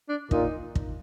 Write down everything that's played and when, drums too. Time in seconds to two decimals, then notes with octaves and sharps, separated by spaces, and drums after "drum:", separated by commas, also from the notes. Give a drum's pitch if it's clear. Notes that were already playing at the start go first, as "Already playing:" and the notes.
0.09 D4
0.31 A#2 D#4, drum: kick
0.75 drum: kick